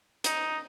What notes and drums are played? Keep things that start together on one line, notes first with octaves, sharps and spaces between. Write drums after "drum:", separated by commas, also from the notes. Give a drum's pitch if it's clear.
D#4, drum: hi-hat